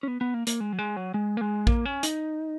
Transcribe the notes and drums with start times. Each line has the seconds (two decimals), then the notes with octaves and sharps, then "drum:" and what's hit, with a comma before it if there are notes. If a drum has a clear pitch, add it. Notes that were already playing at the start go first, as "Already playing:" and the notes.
0.03 C#4
0.08 B3
0.21 B3
0.34 A#3
0.47 A#3, drum: hi-hat
0.60 G#3
0.73 F#3
0.79 G#3
0.96 F#3
1.14 G#3
1.37 A#3
1.41 G#3
1.67 A#3, drum: kick
1.86 C#4
2.03 D#4, drum: hi-hat